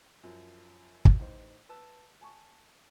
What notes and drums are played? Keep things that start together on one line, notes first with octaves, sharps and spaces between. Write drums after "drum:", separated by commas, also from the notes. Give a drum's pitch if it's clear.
F#2 F3
drum: kick
A1 D#4 C5
B4 A5 E6
G#5 A5 C#6